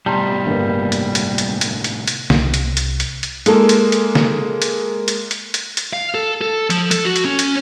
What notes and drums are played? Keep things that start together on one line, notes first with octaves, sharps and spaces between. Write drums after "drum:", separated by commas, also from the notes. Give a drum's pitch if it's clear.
A2 C3 G3 B3 A5 A#5 C6
G1 A#3 B4
drum: hi-hat
drum: hi-hat
drum: hi-hat
drum: hi-hat
drum: hi-hat
drum: hi-hat
C2, drum: snare
drum: hi-hat
drum: hi-hat
drum: hi-hat
drum: hi-hat
G#3 A#3 F4 A4, drum: hi-hat
drum: hi-hat
drum: hi-hat
drum: snare
drum: hi-hat
drum: hi-hat
drum: hi-hat
drum: hi-hat
drum: hi-hat
F5
A4
A4
F3, drum: hi-hat
A4, drum: hi-hat
F#4
drum: hi-hat
C#4
drum: hi-hat